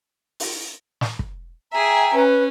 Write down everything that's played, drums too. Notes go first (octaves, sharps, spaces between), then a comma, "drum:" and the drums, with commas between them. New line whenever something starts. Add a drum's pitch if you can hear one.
drum: open hi-hat
drum: snare
drum: kick
G#4 E5 G5 G#5 A#5
C#4 B4